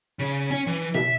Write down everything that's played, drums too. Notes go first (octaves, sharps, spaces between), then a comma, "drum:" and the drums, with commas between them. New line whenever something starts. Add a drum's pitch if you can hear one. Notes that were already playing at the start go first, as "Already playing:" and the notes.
C#3
C#4
E3
E5, drum: tom B2